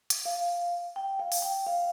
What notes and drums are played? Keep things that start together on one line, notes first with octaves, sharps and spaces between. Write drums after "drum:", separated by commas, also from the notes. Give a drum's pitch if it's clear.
drum: hi-hat
F5
G5
F5
drum: open hi-hat
G5
F5